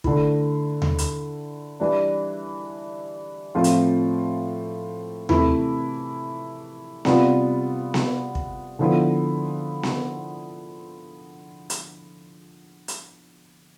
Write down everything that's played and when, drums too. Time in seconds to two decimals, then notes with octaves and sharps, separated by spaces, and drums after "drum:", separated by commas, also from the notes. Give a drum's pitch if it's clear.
0.04 D3 A3 E4, drum: kick
0.82 drum: tom D#2
0.98 drum: hi-hat
1.80 E3 G3 D4
3.55 A2 F3 C4 F4
3.64 drum: hi-hat
5.29 C3 E3 A3 E4, drum: tom D#2
7.05 C3 G3 B3 F4, drum: snare B3
7.94 drum: snare B3
8.35 drum: kick
8.79 D3 F3 B3 E4
9.83 drum: snare B3
11.70 drum: hi-hat
12.88 drum: hi-hat